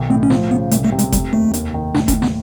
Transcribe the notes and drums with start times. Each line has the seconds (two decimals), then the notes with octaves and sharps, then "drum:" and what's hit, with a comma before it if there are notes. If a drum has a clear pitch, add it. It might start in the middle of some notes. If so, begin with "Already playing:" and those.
Already playing: B1 D#3
0.10 A2 C4
0.23 C#4
0.30 F3 C4, drum: snare
0.51 C#3 B3
0.71 C2 A3, drum: hi-hat
0.85 A3
0.92 C3
0.99 G#3, drum: hi-hat
1.12 F1 G3, drum: kick F#1, hi-hat
1.33 D#2 A3
1.54 D#2, drum: hi-hat
1.74 D#3
1.95 A2 D4, drum: snare
2.08 C#4, drum: kick F#1, hi-hat
2.15 A2
2.22 B3, drum: snare